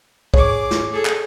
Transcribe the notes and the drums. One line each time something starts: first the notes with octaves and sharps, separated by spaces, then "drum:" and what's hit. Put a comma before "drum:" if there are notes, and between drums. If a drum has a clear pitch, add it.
G#4 C#5 D6, drum: kick
drum: snare
G#4 A4
drum: clap